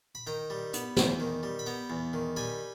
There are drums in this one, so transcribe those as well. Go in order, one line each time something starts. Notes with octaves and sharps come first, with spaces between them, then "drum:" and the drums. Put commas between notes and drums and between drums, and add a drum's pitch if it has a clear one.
B5
D#3 G5 A#5
G3
B3, drum: hi-hat
E2 G5 A#5, drum: snare
D#3
G3
B5
B3 G5 A#5
E2
D#3
G3 G#5 B5